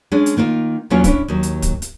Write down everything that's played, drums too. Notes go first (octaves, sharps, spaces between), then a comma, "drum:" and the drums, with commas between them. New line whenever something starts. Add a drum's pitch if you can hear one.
G#3 C#4 D4
drum: hi-hat
D#3 A#3 D#4 F4
E2 B2 F#3 A#3 C#4 F4
C#4 D4 E4, drum: kick, hi-hat
D#2 F#3
drum: hi-hat
drum: kick, hi-hat
drum: hi-hat